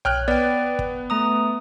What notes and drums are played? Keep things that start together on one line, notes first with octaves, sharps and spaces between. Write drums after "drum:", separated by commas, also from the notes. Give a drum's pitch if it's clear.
C#5 G5 F6 F#6, drum: tom B1
B3 D5 G5
drum: kick
A3 A#5 D#6